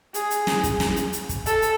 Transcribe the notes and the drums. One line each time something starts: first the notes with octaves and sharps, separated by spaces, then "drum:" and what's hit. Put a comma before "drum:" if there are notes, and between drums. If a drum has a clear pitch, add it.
G#4, drum: hi-hat
drum: hi-hat
drum: snare
drum: kick, hi-hat
drum: snare
drum: hi-hat
drum: hi-hat
drum: kick, hi-hat
A4, drum: hi-hat
drum: hi-hat